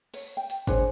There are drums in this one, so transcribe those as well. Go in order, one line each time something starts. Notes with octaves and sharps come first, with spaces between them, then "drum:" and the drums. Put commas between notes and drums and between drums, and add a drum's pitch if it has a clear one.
C#5, drum: open hi-hat
G5
drum: hi-hat
D4 G#4 C5 C#5 G#5, drum: kick G#1, hi-hat